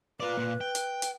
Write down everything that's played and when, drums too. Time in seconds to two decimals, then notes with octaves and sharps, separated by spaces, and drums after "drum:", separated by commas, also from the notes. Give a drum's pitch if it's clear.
0.20 F4 B4 D5
0.37 A#2
0.61 G5
0.75 drum: hi-hat
1.02 drum: hi-hat